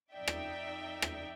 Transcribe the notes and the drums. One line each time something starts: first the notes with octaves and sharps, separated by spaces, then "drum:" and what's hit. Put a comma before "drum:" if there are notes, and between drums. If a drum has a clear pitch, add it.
F2 D#4 D5 E5 G5
drum: rim click
drum: rim click